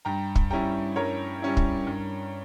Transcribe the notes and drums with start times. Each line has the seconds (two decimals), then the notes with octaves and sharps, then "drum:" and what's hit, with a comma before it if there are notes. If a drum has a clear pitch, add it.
0.05 G2 G5 A#5
0.35 drum: kick
0.50 G3 C#4 E4 G5 A#5
0.96 G2 A#4 C#5
1.42 G3 C#4 E4
1.57 drum: kick
1.87 G2